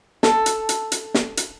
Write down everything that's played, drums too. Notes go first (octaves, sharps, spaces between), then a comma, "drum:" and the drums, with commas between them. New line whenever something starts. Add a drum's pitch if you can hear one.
A4, drum: snare
drum: hi-hat
drum: hi-hat
drum: hi-hat
drum: snare
drum: hi-hat